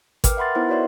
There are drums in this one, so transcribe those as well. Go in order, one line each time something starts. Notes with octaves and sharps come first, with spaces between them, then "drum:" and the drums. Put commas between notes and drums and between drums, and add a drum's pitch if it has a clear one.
A#4 B4 G5 D6 F6, drum: kick G#1, hi-hat
E5 F#5 B5 C6 A6
B3 D#4 E4 A#4 C5 F#5
F#4 B4 C#5 D5 E5 C6